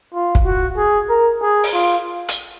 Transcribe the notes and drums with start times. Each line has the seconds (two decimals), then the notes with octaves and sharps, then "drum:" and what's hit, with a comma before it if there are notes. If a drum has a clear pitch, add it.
0.14 F4
0.35 drum: kick
0.45 F#4
0.77 G#4
1.09 A#4
1.41 G#4
1.63 drum: open hi-hat
1.73 F4
2.28 drum: hi-hat